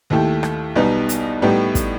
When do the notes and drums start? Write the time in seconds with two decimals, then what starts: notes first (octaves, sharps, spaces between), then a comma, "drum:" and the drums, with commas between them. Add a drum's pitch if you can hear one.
0.10 D#2 D#3 A3 E4 G4
0.43 drum: rim click
0.75 B1 B2 G3 B3 D#4
1.09 drum: hi-hat
1.42 A2 G3 B3 D#4 G4
1.75 drum: kick, hi-hat